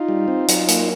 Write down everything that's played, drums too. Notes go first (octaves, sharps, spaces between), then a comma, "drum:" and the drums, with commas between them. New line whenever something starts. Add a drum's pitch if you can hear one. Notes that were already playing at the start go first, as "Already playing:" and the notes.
Already playing: D#4 F4
G3
C4
F#3, drum: hi-hat
A#3, drum: hi-hat